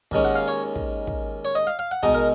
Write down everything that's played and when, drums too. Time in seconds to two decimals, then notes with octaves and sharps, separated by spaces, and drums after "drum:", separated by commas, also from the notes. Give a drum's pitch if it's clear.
0.11 D#2 D#3 G#3 C#4, drum: kick
0.25 F#5
0.35 F5
0.48 C#5
0.76 drum: kick
1.07 drum: kick
1.45 C#5
1.55 D#5
1.67 F5
1.79 F5
1.91 F#5
2.03 B2 G#3 D#4 D#5, drum: kick
2.14 A#4